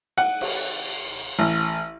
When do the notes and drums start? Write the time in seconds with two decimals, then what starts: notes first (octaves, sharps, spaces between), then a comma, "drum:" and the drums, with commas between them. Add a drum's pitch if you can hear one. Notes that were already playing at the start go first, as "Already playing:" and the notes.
0.18 F#5, drum: cymbal
0.41 drum: cymbal
1.39 A1